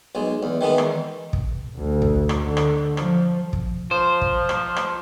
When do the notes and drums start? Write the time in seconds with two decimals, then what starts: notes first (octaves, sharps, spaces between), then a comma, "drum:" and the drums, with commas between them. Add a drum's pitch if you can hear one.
0.15 B1 G#3
0.43 E2
0.61 D#3 E3 G#3 B3
0.78 drum: rim click
1.33 drum: kick
1.75 D2
2.02 drum: kick
2.29 drum: rim click
2.43 D3
2.57 drum: rim click
2.97 F3, drum: rim click
3.53 drum: kick
3.91 F3 C5
4.21 drum: kick
4.49 drum: rim click
4.76 drum: rim click